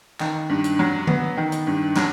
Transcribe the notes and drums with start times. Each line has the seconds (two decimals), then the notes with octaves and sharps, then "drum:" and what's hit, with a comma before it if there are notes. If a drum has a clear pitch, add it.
0.20 D#3, drum: clap
0.49 G2
0.64 drum: hi-hat
0.79 F#3
1.07 B3, drum: tom D3
1.37 D#3
1.52 drum: hi-hat
1.67 G2
1.96 F#3, drum: clap